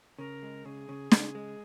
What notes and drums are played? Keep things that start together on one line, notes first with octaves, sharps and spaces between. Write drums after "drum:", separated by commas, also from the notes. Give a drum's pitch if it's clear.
C#3 A#4
G#3
C#3 G#4
C#3
C#3, drum: snare
G#3